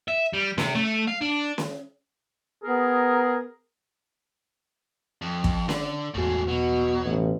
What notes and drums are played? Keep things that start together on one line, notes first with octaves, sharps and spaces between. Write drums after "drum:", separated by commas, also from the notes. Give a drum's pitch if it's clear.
E5
G3
C3, drum: snare C#4
A3
F5
D4
drum: snare C#4
B3 G#4 A#4
F2
drum: kick
D3, drum: snare C#4
G1 E2 A2 G#3 F#4
B2 F#3
A1